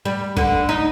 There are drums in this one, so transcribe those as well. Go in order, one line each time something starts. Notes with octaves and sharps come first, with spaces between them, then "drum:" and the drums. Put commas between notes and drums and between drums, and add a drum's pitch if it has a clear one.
G3
D3, drum: kick
D#4